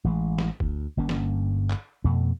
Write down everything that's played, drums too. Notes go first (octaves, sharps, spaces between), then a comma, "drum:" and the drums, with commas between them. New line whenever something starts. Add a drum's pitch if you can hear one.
A1 E3 G3 G#3
drum: snare
D2, drum: kick
G1 G2 A#3 C#4
drum: snare
drum: clap
F2 B2 A3